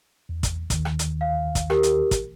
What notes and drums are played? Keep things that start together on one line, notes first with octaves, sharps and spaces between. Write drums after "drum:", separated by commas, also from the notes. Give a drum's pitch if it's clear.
E2
drum: kick, hi-hat
D#2 D#3, drum: kick, hi-hat
drum: rim click
drum: hi-hat
F5
drum: kick, hi-hat
G4 A#4, drum: rim click
drum: hi-hat
drum: kick, hi-hat